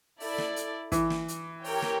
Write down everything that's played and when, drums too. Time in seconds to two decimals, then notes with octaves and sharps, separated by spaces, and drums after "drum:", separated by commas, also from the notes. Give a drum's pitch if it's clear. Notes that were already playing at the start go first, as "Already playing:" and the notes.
0.20 E4 A4 D5, drum: open hi-hat
0.38 drum: snare
0.56 drum: hi-hat
0.92 E3, drum: kick, hi-hat
1.10 drum: snare
1.28 drum: hi-hat
1.64 G4 A#4 C#5 G5, drum: open hi-hat
1.82 drum: snare